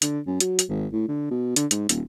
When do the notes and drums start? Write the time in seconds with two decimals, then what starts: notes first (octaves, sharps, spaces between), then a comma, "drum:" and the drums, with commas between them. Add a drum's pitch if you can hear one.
0.02 D3, drum: hi-hat
0.27 F#2
0.40 F#3, drum: hi-hat
0.59 drum: hi-hat
0.69 G#1
0.93 A2
1.08 D3
1.31 B2
1.56 D3, drum: hi-hat
1.71 G#2, drum: hi-hat
1.89 D#1, drum: hi-hat